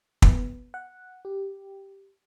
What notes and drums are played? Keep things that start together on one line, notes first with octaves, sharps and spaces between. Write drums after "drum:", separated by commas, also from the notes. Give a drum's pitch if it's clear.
B3, drum: kick
F#5
G4